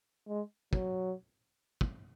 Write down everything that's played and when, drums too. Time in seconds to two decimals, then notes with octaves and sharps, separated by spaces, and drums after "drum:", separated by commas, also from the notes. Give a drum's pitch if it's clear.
0.28 G#3
0.73 F#3, drum: kick
1.81 drum: kick